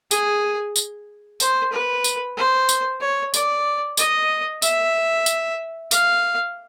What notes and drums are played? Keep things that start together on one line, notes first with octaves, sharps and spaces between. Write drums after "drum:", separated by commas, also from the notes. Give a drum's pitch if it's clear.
G#4, drum: tambourine
drum: tambourine
C5, drum: tambourine
B4
drum: tambourine
C5
drum: tambourine
C#5
D5, drum: tambourine
D#5, drum: tambourine
E5, drum: tambourine
drum: tambourine
F5, drum: tambourine